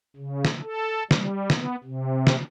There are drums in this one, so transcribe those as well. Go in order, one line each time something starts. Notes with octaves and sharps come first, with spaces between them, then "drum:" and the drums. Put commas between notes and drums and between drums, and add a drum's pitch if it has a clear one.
C#3
drum: snare
A4
G3, drum: snare
B3, drum: snare
C3
drum: snare